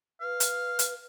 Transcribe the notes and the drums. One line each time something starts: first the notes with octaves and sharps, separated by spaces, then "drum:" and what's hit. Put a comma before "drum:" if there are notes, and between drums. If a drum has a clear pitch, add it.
B4 F5
drum: hi-hat
drum: hi-hat